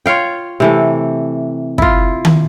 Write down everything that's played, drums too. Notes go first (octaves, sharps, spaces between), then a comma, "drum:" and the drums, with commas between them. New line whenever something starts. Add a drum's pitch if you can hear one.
F4 C#5 F5 G5
C3 E3 A3
E4 F4, drum: kick
drum: tom D#3